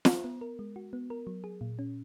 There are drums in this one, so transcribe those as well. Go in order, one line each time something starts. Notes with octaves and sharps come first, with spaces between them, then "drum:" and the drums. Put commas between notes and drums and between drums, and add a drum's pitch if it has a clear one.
drum: snare
B3
A#4
G#3
F#4
B3
A#4
F#3
G#4
A#2
C#4